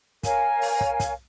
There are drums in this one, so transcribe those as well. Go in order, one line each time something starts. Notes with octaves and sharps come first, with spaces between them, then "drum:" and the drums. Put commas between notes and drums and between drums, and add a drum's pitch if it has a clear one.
A#4 C#5 F5 G#5, drum: kick, hi-hat
drum: open hi-hat
drum: kick
drum: kick, hi-hat